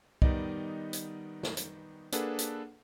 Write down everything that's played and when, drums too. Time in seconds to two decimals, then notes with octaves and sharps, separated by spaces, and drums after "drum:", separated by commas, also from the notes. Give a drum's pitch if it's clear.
0.22 D#3 G3 B3 D#4 D5 D#5, drum: kick C2
0.93 drum: hi-hat
1.43 drum: snare
1.57 drum: hi-hat
2.12 A#3 D4 G#4 A4 B4 F#5, drum: hi-hat
2.39 drum: hi-hat